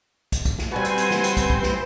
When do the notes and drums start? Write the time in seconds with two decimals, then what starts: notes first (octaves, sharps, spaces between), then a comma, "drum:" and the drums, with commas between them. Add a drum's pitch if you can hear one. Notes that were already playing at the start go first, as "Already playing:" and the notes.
0.32 drum: kick, hi-hat
0.45 drum: kick, hi-hat
0.58 drum: snare
0.72 G3 C4 F#4 B4 C5 F#5 G#5
0.85 drum: hi-hat
0.98 drum: hi-hat
1.11 drum: snare
1.24 drum: hi-hat
1.37 drum: kick, hi-hat
1.50 drum: kick
1.63 drum: snare